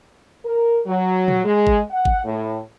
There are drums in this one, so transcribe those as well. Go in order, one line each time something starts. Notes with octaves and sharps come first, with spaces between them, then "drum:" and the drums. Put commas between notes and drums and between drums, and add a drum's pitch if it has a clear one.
A#4
F#3
drum: tom
G#3
drum: kick
F#5
drum: kick
A2